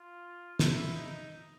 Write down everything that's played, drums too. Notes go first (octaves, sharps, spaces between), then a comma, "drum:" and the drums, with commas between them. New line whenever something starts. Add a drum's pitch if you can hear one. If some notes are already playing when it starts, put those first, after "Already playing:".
Already playing: F4
E4, drum: snare
D#4